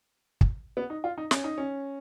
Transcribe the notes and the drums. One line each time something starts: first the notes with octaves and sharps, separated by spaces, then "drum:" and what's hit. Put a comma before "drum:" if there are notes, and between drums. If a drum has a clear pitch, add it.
drum: kick
B3
D#4
F4
D#4
C#4, drum: snare
D#4
C#4